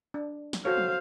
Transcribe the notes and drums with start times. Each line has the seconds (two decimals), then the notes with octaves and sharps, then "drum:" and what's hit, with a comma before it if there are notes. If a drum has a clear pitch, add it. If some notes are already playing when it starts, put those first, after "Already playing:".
0.14 D4
0.53 drum: snare
0.65 F#4 A4 C5 C#5 F5
0.77 drum: tom